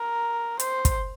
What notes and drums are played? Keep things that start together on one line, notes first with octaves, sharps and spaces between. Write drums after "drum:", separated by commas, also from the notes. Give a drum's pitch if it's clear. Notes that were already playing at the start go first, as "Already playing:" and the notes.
Already playing: A#4
C5, drum: hi-hat
drum: kick, hi-hat